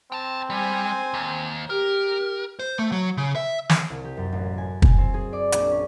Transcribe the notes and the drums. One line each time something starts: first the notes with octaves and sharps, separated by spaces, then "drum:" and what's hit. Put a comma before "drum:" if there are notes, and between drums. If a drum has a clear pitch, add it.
C4 G5 A5
G3 C5 G#5
D#2
G4 A#4
C5
A3
F#3
C#3
E5
drum: snare
C2
G4
F#2
A1
G#5
G#5, drum: kick
C4
G#4
D5
A#1, drum: hi-hat
C#4